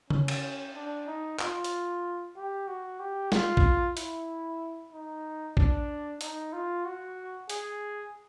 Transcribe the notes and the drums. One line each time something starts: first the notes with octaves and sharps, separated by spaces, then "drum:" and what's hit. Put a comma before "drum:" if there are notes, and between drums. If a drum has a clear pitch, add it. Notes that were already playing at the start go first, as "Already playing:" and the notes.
C#4, drum: tom C#3
drum: cymbal
D4
D#4
F4, drum: clap
drum: hi-hat
G4
F#4
G4
F4, drum: snare G#3
drum: kick
E4, drum: hi-hat
D#4
D4, drum: kick
D#4, drum: hi-hat
F4
F#4
G#4, drum: hi-hat